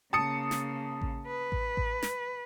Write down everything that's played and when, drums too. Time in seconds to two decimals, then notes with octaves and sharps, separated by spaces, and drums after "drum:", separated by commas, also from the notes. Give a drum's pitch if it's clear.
0.13 C#3 A#3 A5 D#6 C#7
0.51 drum: snare
1.02 drum: kick A1
1.27 B4
1.52 drum: kick A1
1.77 drum: kick A1
2.02 drum: snare